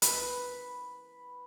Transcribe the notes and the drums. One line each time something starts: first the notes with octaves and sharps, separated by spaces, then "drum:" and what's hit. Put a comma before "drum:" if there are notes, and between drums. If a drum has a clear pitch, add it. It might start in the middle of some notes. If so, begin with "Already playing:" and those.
B4, drum: hi-hat